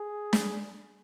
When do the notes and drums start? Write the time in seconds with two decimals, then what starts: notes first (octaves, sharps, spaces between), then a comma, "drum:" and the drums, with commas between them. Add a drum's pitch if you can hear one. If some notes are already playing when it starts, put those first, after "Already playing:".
Already playing: G#4
0.33 drum: snare